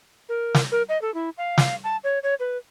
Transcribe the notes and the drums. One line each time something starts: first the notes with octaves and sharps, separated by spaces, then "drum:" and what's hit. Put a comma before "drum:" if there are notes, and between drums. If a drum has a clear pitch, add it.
A#4
drum: snare
A#4
D#5
A4
E4
F5
drum: snare
A5
C#5
C#5
B4